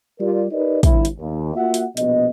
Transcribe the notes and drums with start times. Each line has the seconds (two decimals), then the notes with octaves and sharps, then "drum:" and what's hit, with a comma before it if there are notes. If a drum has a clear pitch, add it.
0.19 G3 F4 G4 A#4 D5
0.52 D#4 G4 A#4 B4 D5 D#5
0.83 G1 E4, drum: kick, hi-hat
1.05 drum: hi-hat
1.20 D#2
1.55 A#3 F4 F#4 E5 F#5
1.74 drum: hi-hat
1.97 A#1 B2 B3 D#5, drum: hi-hat